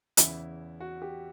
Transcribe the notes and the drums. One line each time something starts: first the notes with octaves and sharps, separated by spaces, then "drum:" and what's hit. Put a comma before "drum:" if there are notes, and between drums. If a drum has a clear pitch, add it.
E2 C#3 E3 E4, drum: hi-hat
F#4
G4